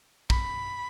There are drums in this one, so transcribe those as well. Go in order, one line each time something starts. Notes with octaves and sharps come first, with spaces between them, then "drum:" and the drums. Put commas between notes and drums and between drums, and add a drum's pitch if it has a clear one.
B5, drum: kick